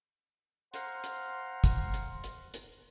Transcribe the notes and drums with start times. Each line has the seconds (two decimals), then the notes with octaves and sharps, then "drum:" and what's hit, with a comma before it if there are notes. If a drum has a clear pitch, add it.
0.74 C5 F5 F#5 A#5 C6, drum: hi-hat
1.04 drum: hi-hat
1.64 drum: kick, hi-hat
1.94 drum: hi-hat
2.24 drum: hi-hat
2.54 drum: hi-hat